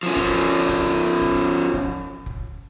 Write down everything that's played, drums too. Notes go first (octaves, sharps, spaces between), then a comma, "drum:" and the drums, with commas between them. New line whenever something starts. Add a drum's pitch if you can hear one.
F3 C#4
drum: kick F1
drum: kick F1
drum: kick F1
drum: kick F1
drum: kick F1